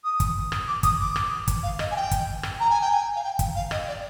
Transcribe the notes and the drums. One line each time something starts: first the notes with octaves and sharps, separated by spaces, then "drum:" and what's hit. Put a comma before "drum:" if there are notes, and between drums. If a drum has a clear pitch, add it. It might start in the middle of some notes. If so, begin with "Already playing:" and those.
D#6
drum: kick, hi-hat
drum: rim click
D6
D#6, drum: kick, hi-hat
D6
drum: rim click
drum: kick, hi-hat
F5
D#5, drum: rim click
G#5
G5
drum: kick, hi-hat
drum: rim click
A#5
G#5
G5
G#5
F5
G5
G5, drum: kick, hi-hat
F5
D#5, drum: rim click
D5